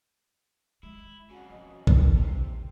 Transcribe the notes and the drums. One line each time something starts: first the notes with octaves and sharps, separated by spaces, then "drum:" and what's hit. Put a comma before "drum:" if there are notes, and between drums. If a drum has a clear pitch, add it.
G#3 E4
F2 C#3 F#4
E3 D#5
drum: kick
C3 C4